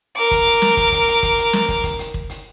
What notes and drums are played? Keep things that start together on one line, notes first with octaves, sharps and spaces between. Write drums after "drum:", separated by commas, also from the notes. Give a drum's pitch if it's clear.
A#4 D6
drum: kick, hi-hat
drum: hi-hat
drum: snare
drum: kick, hi-hat
drum: kick, hi-hat
drum: hi-hat
drum: kick, hi-hat
drum: hi-hat
drum: snare
drum: kick, hi-hat
drum: kick, hi-hat
drum: hi-hat
drum: kick
drum: hi-hat